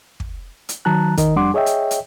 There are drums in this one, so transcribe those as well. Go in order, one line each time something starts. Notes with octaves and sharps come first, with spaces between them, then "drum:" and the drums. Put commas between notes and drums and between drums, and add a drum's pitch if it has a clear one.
drum: kick
drum: hi-hat
D#3 F#3 A5 A#5 F#6
D#3 A#4 D#5, drum: kick, hi-hat
F2 G3 D4 F#5 C6 D6
G#4 C#5 D#5 E5 G5
drum: hi-hat
drum: hi-hat